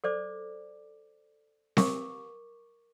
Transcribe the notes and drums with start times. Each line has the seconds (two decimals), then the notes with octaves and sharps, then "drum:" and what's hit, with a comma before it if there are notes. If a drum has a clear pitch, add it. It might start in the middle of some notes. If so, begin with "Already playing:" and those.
0.04 A4 C5 D5 D6
1.77 A#4 C#6 D6, drum: snare C4